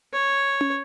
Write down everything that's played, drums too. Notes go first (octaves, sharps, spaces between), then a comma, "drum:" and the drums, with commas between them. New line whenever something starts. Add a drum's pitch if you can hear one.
C#5
drum: tom C#4